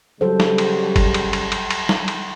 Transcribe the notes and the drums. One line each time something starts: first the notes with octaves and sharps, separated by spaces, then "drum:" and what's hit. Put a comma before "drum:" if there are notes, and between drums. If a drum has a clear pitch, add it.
C#3 F#3 G3 A4 C5
drum: snare
drum: cymbal
drum: kick F#1, cymbal
drum: cymbal
drum: cymbal
drum: cymbal
drum: cymbal
drum: snare
drum: cymbal